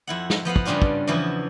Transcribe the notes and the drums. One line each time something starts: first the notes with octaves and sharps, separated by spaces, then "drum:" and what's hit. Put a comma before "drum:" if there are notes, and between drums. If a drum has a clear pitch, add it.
F2 E4 F#5
drum: snare
F3 B3 F5 F#5
drum: kick
G2 C#3 G3 C#4 D4 F4
drum: kick
E2 C#3 E3 F3 E4